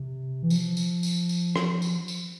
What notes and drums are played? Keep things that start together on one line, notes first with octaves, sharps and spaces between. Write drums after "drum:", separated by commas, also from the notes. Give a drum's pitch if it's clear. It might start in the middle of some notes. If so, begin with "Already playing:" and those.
Already playing: C3
E3
F3, drum: tambourine
drum: tambourine
drum: tambourine
drum: tambourine
drum: rim click
drum: tambourine
drum: tambourine